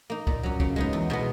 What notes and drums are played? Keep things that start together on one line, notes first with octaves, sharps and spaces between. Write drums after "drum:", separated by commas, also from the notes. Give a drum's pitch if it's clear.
A#3 D#4
A#2, drum: kick
F#3 C#4
C#3, drum: kick
G#3 B3 D#4
E2
B2 G#3 B3